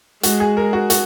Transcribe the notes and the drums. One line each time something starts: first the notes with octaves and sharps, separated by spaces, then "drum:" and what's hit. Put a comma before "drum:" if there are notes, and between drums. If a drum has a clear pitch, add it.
G#3 F#4, drum: hi-hat
G#4
A#4
F#4
F#4, drum: hi-hat